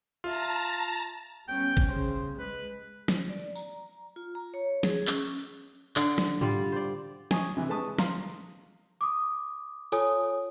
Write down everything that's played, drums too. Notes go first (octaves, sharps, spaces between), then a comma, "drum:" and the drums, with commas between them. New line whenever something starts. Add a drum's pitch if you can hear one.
F4 E5 A5 A#5
G3 B3 C#4 G5
drum: kick G1
C2 C#3 C5
G#3 B4
drum: snare
D5
A#5, drum: tambourine
F4
A#5
C#5
G#4, drum: snare
C#4, drum: clap
D3, drum: clap
drum: snare
G3 F4, drum: tom G#2
C5 D5
G#5 C#6 D#6, drum: snare
C3 E3
G#3 B4 A5 C#6 D#6
F5 A#5 C6, drum: snare
D6 D#6
F4 A4 C#5 G#5 D#6, drum: open hi-hat